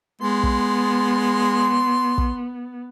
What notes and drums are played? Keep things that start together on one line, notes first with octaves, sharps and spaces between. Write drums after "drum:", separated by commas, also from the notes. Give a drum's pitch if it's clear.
G#3 B3 C6
drum: kick
drum: kick